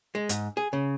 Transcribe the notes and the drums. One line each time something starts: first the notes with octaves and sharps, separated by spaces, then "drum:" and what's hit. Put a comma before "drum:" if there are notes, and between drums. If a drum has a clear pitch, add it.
G#3
G#2, drum: hi-hat
G#4
C#3